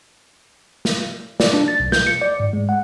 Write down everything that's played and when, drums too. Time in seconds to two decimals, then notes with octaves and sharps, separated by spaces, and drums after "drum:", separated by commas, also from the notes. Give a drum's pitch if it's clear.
0.85 drum: snare
1.40 D5, drum: snare
1.53 D4
1.68 A6
1.80 B1
1.92 G6, drum: snare
2.07 C#7
2.22 D5
2.40 G#2
2.53 G#3
2.69 F#5